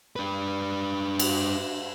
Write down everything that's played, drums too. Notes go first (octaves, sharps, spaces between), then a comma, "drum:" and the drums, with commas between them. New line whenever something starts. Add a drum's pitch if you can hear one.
D4 B4
drum: cymbal